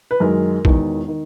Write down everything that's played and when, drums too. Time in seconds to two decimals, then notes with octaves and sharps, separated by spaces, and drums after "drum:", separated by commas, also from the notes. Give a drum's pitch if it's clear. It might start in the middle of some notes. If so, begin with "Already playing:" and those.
0.11 B4
0.20 F#1 F#2 D#3 G#3 A#4
0.65 E1 E2 D#3, drum: kick
1.08 D#3